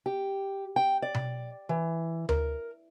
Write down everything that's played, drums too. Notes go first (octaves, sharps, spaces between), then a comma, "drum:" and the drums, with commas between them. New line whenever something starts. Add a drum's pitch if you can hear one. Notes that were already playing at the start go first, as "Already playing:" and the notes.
G4
G5
D5
drum: tom B2
E3
A#4, drum: tom D2